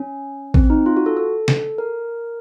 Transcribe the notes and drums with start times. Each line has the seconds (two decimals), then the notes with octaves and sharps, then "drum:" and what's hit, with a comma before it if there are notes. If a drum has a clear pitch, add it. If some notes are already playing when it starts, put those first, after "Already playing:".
Already playing: C#4
0.54 C4, drum: kick A1
0.70 D#4
0.86 F4
0.97 F#4
1.06 A4
1.17 A4
1.48 drum: snare
1.78 A#4